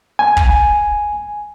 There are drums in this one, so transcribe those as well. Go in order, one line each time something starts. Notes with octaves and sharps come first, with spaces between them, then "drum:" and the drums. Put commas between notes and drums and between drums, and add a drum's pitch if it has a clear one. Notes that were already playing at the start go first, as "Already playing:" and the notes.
G#5
drum: kick